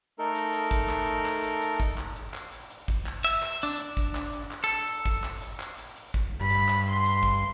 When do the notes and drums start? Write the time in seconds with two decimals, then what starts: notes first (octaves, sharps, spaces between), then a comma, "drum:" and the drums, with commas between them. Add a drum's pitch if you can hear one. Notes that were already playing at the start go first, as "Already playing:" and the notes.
0.19 A3 D#4 A4 A#4
0.35 drum: hi-hat
0.53 drum: hi-hat
0.71 drum: kick, hi-hat
0.89 drum: clap
1.07 drum: hi-hat
1.25 drum: clap
1.43 drum: hi-hat
1.62 drum: hi-hat
1.80 drum: kick, hi-hat
1.98 drum: clap
2.16 drum: hi-hat
2.34 drum: clap
2.52 drum: hi-hat
2.70 drum: hi-hat
2.88 drum: kick, hi-hat
3.06 drum: clap
3.24 E5, drum: hi-hat
3.43 drum: clap
3.63 D4, drum: hi-hat
3.79 drum: hi-hat
3.97 drum: kick, hi-hat
4.15 drum: clap
4.33 drum: hi-hat
4.51 drum: clap
4.64 A4
4.87 drum: hi-hat
5.06 drum: kick, hi-hat
5.24 drum: clap
5.42 drum: hi-hat
5.60 drum: clap
5.78 drum: hi-hat
5.96 drum: hi-hat
6.14 drum: kick, hi-hat
6.41 G2 B5
6.50 drum: hi-hat
6.68 drum: clap
6.89 C6
7.05 drum: hi-hat
7.23 drum: kick, hi-hat